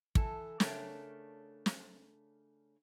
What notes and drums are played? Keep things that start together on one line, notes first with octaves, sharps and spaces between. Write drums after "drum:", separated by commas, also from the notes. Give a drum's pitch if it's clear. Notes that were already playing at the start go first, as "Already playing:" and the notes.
E3 A4, drum: kick
C#3 A3 D4 A#4 C#5 G5, drum: snare
drum: snare